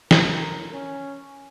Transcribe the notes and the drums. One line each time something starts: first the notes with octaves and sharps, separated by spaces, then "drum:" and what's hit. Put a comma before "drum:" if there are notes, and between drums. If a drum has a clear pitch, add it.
A#4, drum: snare
C#4